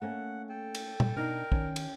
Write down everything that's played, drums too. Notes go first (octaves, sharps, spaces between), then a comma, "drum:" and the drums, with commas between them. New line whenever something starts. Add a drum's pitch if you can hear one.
A3 A#3 C#4 F#5
A4 G5
drum: cymbal
drum: tom A#2
B2 D4 D#4 A#4
D#3 C#4, drum: kick
drum: cymbal